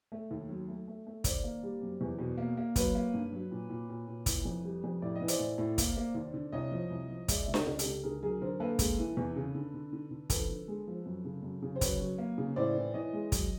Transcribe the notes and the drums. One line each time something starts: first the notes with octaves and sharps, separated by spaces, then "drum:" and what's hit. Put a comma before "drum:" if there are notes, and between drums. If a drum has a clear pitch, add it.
A3
D#2
F#3
A3
A3
A3
D#3 C5 D5, drum: kick, hi-hat
A#3
G3
F#2
E2
B2
A#3
A#3
F#3 B4 C#5, drum: kick, hi-hat
A#3
G2
F#3
A#2
A#2
A#2
A#2
E3, drum: kick, hi-hat
F2
G3
F2
A2 D5
D#5
E3
C5 D5, drum: hi-hat
A2
A2
A#3, drum: kick, hi-hat
A#3
D#2
D3
C2 C#5 D#5
F3
C2
F3
G#3 D5 E5, drum: kick, hi-hat
C#2 E5
C#5 D#5, drum: snare D4
C#2
G4 A4, drum: hi-hat
C#2
D3 G#4 A#4
F#3 G#4 A#4
D3 A#4 C5
A#3 A4 B4
G#3, drum: kick, hi-hat
E3
E2
C#3
D3
D3
D3
D3
F3 A4 B4, drum: kick, hi-hat
D3
G#3
F3
F#2
C#3
F#2
C#3
C5
F#3 B4 C#5, drum: kick, hi-hat
F#3
A#3
C#3
A2 C5 D5
E3
E3 C#5 D#5
G#3
F#3, drum: kick, hi-hat